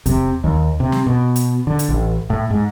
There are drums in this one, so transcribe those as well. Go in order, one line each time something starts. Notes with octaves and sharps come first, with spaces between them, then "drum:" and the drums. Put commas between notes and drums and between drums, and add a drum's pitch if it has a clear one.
C3, drum: kick E2, hi-hat
D#2
C3
drum: snare
B2
drum: hi-hat
D3
drum: hi-hat
A1
A2
G#2